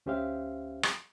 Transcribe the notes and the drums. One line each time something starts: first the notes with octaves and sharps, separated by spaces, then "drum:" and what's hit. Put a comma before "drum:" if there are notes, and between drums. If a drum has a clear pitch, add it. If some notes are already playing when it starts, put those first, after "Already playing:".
D2 C#4 G4 C5 E5 F5
drum: rim click